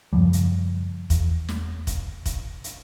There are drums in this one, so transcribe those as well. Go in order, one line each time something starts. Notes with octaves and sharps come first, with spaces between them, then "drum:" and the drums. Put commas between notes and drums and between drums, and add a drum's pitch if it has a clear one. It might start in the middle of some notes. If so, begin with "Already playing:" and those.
F#2 C#3 F3 G3
drum: hi-hat
E2, drum: kick, hi-hat
drum: snare
drum: kick, hi-hat
drum: kick, hi-hat
drum: hi-hat